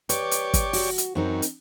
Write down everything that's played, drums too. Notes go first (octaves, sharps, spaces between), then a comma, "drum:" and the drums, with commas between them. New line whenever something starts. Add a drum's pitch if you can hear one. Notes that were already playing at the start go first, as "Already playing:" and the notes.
G4 B4 C#5 D5, drum: hi-hat
drum: hi-hat
drum: kick, hi-hat
F#4, drum: open hi-hat
drum: hi-hat
F#2 C4 D#4 A#4
drum: hi-hat